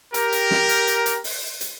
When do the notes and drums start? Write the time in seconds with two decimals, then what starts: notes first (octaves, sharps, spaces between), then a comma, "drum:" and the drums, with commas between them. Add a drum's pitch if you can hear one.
0.14 G4 A#4, drum: hi-hat
0.32 drum: hi-hat
0.51 drum: snare
0.69 drum: hi-hat
0.87 drum: hi-hat
1.06 drum: hi-hat
1.24 drum: open hi-hat
1.61 drum: hi-hat